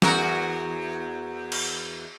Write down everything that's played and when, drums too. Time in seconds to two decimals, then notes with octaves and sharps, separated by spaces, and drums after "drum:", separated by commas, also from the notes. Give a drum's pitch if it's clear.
0.02 E2 F#4 A#4, drum: snare
1.52 drum: cymbal